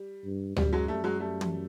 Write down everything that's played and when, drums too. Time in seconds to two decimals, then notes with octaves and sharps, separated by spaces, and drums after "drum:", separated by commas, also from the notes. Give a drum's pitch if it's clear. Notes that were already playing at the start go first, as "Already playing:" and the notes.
Already playing: G3
0.24 G2
0.56 F#2 G3, drum: tom D2
0.73 F#3 G#3
0.88 G3 A3
1.04 F#3 G#3
1.19 G3 A3
1.41 drum: tom